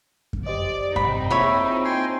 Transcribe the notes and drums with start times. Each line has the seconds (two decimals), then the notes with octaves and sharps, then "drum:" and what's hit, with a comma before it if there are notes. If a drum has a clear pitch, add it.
0.33 drum: kick F#2
0.46 G4 C5 D5 D#5
0.96 G#2 C3 C4 D#4 B5, drum: kick F#2
1.31 A#3 E4 F4 G#4 C#5 B5
1.85 G5 G#5 C6